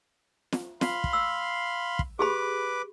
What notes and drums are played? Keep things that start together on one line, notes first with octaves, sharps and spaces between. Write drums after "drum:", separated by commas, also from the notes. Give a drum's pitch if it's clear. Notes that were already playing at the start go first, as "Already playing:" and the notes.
drum: snare
F5 B5 C6, drum: snare
drum: kick
E6
drum: kick
G4 G#4 B4 B5 D6